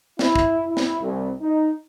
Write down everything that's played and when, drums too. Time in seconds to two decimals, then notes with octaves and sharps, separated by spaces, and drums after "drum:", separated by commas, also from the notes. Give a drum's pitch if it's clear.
0.19 E4, drum: snare
0.36 drum: kick
0.67 E4
0.77 drum: snare
1.01 C2
1.41 D#4